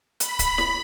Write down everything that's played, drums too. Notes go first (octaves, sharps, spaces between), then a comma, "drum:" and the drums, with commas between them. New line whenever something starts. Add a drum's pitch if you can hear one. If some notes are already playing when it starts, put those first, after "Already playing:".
B5, drum: hi-hat
drum: kick C#1, hi-hat
drum: snare